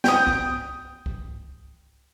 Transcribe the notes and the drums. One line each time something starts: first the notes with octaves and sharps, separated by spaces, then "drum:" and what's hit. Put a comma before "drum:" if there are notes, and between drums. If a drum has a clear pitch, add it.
G5 D#6, drum: snare
drum: kick C2
drum: kick C2